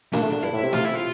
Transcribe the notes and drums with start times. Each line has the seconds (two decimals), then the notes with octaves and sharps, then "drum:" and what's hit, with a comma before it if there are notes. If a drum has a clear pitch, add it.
0.13 A#3 D4, drum: snare A3
0.22 A3
0.32 D3 D4
0.43 G2 E4
0.53 A2
0.63 C3
0.73 F4, drum: snare A3
0.85 E4
0.95 F4